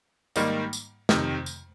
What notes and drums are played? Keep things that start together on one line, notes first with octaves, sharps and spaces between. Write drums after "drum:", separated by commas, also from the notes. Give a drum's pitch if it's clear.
G#2 D#3 G3 A#3 D#4, drum: tambourine
drum: tambourine
F2 C3 D#3, drum: snare
drum: tambourine